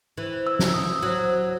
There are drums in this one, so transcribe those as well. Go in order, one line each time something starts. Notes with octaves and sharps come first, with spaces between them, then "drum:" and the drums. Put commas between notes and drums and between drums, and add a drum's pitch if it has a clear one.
E3
E6
drum: snare
E6
D#6
F#3